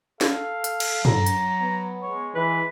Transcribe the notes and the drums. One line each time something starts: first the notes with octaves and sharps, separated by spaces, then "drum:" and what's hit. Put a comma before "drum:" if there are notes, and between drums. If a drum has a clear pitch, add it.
A4 F5, drum: snare
drum: hi-hat
drum: cymbal
F#3 A#5, drum: tom
drum: hi-hat
B3
G#3 C#5
E3 B4